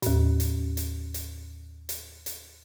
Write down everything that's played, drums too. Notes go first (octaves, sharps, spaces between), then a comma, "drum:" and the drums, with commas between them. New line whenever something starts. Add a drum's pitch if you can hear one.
D#2 A2, drum: hi-hat
drum: hi-hat
drum: hi-hat
drum: hi-hat
drum: hi-hat
drum: hi-hat